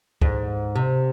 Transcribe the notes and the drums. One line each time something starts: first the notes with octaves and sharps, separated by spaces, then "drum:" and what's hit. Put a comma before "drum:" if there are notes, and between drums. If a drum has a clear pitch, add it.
G#2, drum: kick C#2
C3